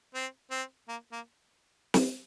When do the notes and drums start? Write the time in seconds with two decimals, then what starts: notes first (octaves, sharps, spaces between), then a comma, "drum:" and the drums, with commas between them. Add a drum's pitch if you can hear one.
0.14 C4
0.51 C4
0.88 A#3
1.12 A#3
1.94 drum: snare